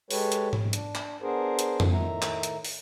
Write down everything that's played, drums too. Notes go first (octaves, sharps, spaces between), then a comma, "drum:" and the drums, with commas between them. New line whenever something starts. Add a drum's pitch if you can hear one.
G#3 G4 A4 B4 C#5, drum: open hi-hat
drum: hi-hat
drum: tom G#2
D4, drum: hi-hat
drum: clap
B3 D4 G#4 A#4 C5
drum: hi-hat
drum: tom F2
A2 D#3 E5 A#5
drum: clap
drum: hi-hat
drum: open hi-hat